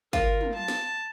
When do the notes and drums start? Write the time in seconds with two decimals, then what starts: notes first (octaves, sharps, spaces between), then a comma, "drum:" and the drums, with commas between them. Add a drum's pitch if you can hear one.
0.13 F4 A#4, drum: kick
0.41 drum: tom
0.54 A5
0.68 drum: snare